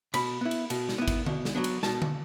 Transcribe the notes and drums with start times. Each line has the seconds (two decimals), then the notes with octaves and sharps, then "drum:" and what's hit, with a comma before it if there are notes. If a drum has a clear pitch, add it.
0.14 B2 B5, drum: cymbal
0.41 B3 E4
0.51 drum: cymbal
0.70 B2, drum: cymbal
0.89 drum: snare
0.98 B3 E4
1.08 drum: kick G#1, cymbal
1.26 B2, drum: tom D3
1.45 drum: snare
1.55 F#3 B3 D4
1.64 drum: cymbal
1.83 B2 A5, drum: snare
2.02 drum: tom D3